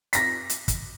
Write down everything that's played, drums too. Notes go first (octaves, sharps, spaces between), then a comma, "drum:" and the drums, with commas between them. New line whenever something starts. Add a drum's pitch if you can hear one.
A#6 B6, drum: hi-hat
drum: hi-hat
drum: kick, hi-hat